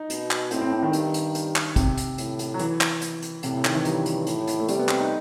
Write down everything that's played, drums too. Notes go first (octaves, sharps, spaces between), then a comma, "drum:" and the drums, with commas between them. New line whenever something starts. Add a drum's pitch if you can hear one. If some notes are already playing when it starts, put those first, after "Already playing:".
Already playing: D#4
B2, drum: hi-hat
drum: clap
A2 C4, drum: hi-hat
C4
C4
D#3
G2, drum: hi-hat
drum: hi-hat
drum: hi-hat
drum: clap
C3, drum: kick, hi-hat
drum: hi-hat
A2, drum: hi-hat
drum: hi-hat
F#3
E3, drum: hi-hat
drum: clap
drum: hi-hat
drum: hi-hat
A2 C3, drum: hi-hat
C3
D#3, drum: clap
E3
G2 F#3, drum: hi-hat
drum: hi-hat
A2, drum: hi-hat
drum: hi-hat
A3
C3 G3, drum: hi-hat
B3
C4, drum: clap
D#4